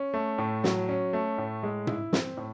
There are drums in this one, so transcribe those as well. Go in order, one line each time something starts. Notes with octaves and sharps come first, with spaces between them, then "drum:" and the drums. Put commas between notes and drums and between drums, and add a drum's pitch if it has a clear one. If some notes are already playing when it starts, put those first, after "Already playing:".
Already playing: C#4
A3
A2
F#3, drum: snare
C#4
A3
A2
G#3
E4, drum: tom
C4, drum: snare
A2